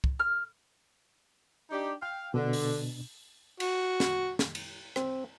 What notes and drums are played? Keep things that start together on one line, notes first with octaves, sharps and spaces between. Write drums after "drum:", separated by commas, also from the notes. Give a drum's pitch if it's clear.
drum: kick
F6
D4 D#4 G4
F5 G5
B2 D3 D4
drum: open hi-hat
F#4, drum: cymbal
drum: snare
drum: snare
drum: cymbal
C4, drum: rim click